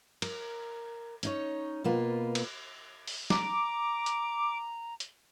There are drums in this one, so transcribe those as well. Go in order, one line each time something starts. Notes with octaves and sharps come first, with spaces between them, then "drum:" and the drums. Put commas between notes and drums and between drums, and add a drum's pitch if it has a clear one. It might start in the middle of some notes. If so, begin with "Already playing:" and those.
A#4, drum: cymbal
C#4 D#4 C#5, drum: hi-hat
B2 A#3 F4 B4
drum: cymbal
drum: open hi-hat
A#5 D6, drum: snare
drum: hi-hat
drum: hi-hat